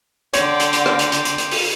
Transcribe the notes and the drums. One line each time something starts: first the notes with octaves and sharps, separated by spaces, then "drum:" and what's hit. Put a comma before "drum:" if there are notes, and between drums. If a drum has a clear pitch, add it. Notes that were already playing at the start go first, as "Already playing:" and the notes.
D3 C#5 D5 F#5 G5 C6 D6, drum: hi-hat
drum: hi-hat
drum: hi-hat
drum: rim click
drum: hi-hat
drum: hi-hat
drum: hi-hat
drum: hi-hat
drum: open hi-hat